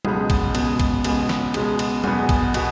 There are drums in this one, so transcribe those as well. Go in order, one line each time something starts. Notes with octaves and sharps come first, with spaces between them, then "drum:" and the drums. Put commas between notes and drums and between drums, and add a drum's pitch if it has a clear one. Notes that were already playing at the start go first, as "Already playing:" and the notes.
C#2 B2 G#3 B3 G#4, drum: tom F#3
drum: kick A#1, cymbal
C#2 B2 G#3 B3 G#4, drum: cymbal
drum: kick A#1, cymbal
C#2 B2 G#3 B3 G#4, drum: cymbal
drum: snare
C#2 B2 G#3 B3 G#4, drum: cymbal
drum: cymbal
E2 B2 B3 G#4, drum: tom F#3
drum: kick A#1, cymbal
B2 B3, drum: cymbal